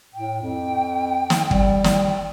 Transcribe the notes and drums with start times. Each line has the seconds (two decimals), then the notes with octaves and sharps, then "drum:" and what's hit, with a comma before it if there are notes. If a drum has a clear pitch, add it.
0.14 A2 G5
0.42 F2
1.30 drum: snare
1.51 G3, drum: kick
1.84 drum: snare